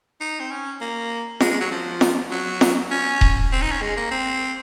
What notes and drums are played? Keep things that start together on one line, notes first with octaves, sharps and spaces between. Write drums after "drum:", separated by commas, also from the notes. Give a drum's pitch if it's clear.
D#4
C4
C#4
A#3
G#3, drum: snare
G#3
F#3
F3
drum: snare
F#3
drum: snare
C#4
drum: kick D#1
C4
D#4
C#4
G#3
A#3
C4